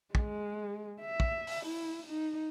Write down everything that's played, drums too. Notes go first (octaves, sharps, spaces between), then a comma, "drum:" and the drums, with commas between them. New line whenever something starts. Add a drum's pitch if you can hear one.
G#3, drum: kick
E5
drum: kick
drum: open hi-hat
E4
D#4